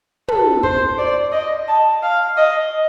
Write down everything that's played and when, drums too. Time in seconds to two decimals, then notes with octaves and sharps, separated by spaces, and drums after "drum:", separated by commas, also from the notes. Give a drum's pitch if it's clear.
0.28 A4, drum: tom
0.63 C5, drum: kick
0.98 D5
1.32 D#5
1.68 A5
2.03 F5
2.37 D#5